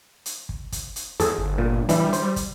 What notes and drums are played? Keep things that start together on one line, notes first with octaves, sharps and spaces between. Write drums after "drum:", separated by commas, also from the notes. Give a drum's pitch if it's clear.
drum: hi-hat
drum: kick
drum: kick, hi-hat
drum: hi-hat
E2 G#4 A4, drum: hi-hat
G1
A#2
E3 G3 D4 E4, drum: hi-hat
C5, drum: hi-hat
drum: kick, hi-hat